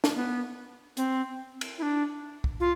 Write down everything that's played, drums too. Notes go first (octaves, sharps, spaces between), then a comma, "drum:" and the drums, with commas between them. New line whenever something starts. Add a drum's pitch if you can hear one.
drum: snare
B3
C4, drum: hi-hat
drum: cymbal
E4
D4
drum: kick
F4